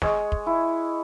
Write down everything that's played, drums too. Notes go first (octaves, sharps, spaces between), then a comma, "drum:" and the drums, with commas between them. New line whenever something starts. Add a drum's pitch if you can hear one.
G#3 C#5, drum: snare
drum: kick
E4